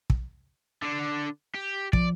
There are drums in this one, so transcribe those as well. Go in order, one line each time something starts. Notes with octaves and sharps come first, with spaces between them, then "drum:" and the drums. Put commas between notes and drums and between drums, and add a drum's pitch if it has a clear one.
drum: kick
D3 D4
G4
F3 D5, drum: kick